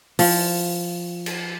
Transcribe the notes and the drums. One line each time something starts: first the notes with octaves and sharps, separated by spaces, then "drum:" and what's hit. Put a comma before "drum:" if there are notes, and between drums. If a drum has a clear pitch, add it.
F3, drum: open hi-hat
drum: cymbal